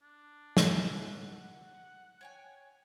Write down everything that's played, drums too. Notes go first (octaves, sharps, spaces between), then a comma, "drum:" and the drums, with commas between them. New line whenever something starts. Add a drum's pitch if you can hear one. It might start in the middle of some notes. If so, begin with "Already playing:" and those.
D4
drum: snare
F#5
C#5 G5 G#5